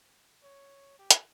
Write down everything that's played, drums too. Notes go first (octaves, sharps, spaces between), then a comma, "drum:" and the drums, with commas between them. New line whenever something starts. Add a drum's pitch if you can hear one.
C#5
G4
drum: hi-hat